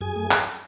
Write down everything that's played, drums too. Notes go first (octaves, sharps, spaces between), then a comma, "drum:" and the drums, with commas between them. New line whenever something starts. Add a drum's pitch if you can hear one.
F#2 G#4 G#5
A3
drum: clap